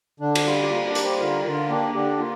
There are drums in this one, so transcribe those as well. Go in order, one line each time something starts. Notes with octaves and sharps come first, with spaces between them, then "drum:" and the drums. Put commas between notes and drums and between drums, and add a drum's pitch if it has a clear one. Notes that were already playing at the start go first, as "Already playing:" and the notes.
D3 D4
drum: cymbal
G3 F4
G4
A#3 F4
D4 G4
G3, drum: hi-hat
G4 C5
D3 F4 A#4
D3 F4 A#4
A#3 D4 G4
D3 D4 G4
A#3 F4